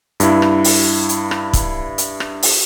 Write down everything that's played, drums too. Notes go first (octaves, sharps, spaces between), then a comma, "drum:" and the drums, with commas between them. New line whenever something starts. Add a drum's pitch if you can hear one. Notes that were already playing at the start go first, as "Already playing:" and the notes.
G2 E4, drum: hi-hat
drum: rim click
drum: open hi-hat
drum: hi-hat
drum: rim click
drum: kick, hi-hat
drum: hi-hat
drum: rim click
drum: open hi-hat